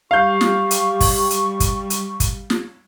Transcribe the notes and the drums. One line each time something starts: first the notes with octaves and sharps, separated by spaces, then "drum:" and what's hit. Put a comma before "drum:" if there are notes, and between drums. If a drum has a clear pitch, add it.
G3 G4 F5 C#6 G6
drum: snare
drum: hi-hat
drum: kick, open hi-hat
drum: hi-hat
drum: kick, hi-hat
drum: hi-hat
drum: kick, hi-hat
drum: snare